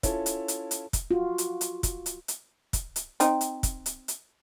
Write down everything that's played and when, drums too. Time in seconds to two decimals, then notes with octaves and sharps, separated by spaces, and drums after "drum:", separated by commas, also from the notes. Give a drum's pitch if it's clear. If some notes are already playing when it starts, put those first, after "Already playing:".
0.03 C#4 E4 F4 A4 C#5, drum: kick, hi-hat
0.26 drum: hi-hat
0.48 drum: hi-hat
0.71 drum: hi-hat
0.93 drum: kick, hi-hat
1.11 F4 F#4
1.38 drum: hi-hat
1.61 drum: hi-hat
1.83 drum: kick, hi-hat
2.06 drum: hi-hat
2.28 drum: hi-hat
2.73 drum: kick, hi-hat
2.96 drum: hi-hat
3.20 C4 D#4, drum: hi-hat
3.41 drum: hi-hat
3.63 drum: kick, hi-hat
3.86 drum: hi-hat
4.08 drum: hi-hat